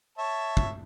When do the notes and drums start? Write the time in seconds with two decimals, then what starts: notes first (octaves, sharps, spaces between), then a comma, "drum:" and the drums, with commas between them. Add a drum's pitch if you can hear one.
0.18 C#5 E5 A5
0.57 drum: kick